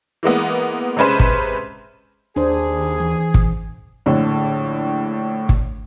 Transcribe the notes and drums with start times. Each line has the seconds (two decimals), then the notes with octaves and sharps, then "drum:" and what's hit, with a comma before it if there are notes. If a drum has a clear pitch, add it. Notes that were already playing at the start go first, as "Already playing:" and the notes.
0.23 E3 G#3 A#3 B3
0.97 C3 G#3 C#4 B4 C5
1.20 drum: kick
2.36 D#2 D4 G#4 C5
3.00 E3
3.34 drum: kick
4.06 A#1 A2 D3
5.49 drum: kick